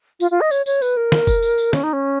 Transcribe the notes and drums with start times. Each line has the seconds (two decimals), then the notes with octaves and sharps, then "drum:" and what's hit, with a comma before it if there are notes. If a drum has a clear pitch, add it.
0.20 F4, drum: tambourine
0.31 F4
0.41 D#5
0.51 C#5, drum: tambourine
0.66 C#5, drum: tambourine
0.82 B4, drum: tambourine
0.97 A#4
1.12 drum: snare
1.27 drum: kick F1, tambourine
1.43 drum: tambourine
1.58 drum: tambourine
1.73 C#4, drum: snare
1.83 D#4
1.93 C#4